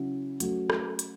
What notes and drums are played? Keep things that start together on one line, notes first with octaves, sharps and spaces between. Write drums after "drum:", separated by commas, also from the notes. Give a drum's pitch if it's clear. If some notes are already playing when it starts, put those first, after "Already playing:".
Already playing: C#3 F#3 C#4 E4
F#3 A3 C#4 F#4, drum: hi-hat
drum: rim click
drum: hi-hat